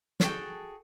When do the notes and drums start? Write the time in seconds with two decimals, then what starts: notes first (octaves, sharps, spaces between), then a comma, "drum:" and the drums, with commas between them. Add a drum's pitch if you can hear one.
0.20 F#4 G#4 A4 G5, drum: snare